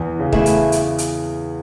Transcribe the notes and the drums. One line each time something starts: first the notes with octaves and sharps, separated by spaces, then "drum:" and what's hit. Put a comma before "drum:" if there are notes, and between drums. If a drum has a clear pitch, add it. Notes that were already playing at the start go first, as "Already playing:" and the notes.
Already playing: E2 E3
C#3
A3 E4 G#4 B4 E5, drum: kick
drum: hi-hat
drum: hi-hat
drum: hi-hat